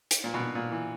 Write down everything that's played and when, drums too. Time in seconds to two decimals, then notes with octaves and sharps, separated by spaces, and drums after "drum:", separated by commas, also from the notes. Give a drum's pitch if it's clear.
0.11 drum: hi-hat
0.24 A#2
0.34 B2
0.40 A#2
0.55 A#2
0.71 E3